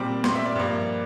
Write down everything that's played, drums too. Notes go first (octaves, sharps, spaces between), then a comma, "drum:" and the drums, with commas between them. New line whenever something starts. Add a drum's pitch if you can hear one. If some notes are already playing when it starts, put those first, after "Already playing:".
Already playing: A#2 G3 C4 D6
C6, drum: snare
E5
D5
G2 F3 A#3